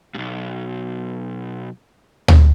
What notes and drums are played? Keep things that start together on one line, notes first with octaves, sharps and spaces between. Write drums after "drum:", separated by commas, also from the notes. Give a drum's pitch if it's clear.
B1 G2
drum: tom